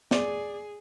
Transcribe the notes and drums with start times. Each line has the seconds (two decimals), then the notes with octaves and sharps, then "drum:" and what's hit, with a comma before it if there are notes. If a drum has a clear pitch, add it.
0.11 G#4 D5, drum: snare